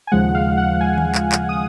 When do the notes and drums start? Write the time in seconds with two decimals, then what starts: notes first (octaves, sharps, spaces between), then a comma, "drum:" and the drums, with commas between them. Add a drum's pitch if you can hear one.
0.07 G#5
0.12 D#2 C#3 F3 G#3 F#5
0.35 F5
0.58 F#5
0.81 G#5
0.98 drum: tom D#3
1.15 drum: clap
1.32 drum: clap
1.49 D#6